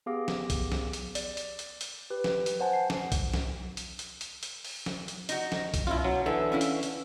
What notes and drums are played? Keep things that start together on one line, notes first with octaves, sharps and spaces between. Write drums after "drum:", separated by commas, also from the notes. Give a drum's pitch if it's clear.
B3 G4 G#4 F5 D6 A#6
drum: snare
drum: kick B1, hi-hat
drum: snare
drum: hi-hat
D5, drum: hi-hat
drum: hi-hat
drum: hi-hat
drum: hi-hat
G4 B4
drum: snare
drum: hi-hat
C5 F#5 G#5 A5
C7
drum: snare
drum: kick B1, hi-hat
drum: snare
drum: hi-hat
drum: hi-hat
drum: hi-hat
drum: hi-hat
drum: open hi-hat
drum: snare
drum: hi-hat
D#4 F#4, drum: hi-hat
drum: snare
drum: kick B1, hi-hat
B2 C#4 E4 F4
F#3
D3 E3 A4
C#4 E4 F5
drum: hi-hat
drum: hi-hat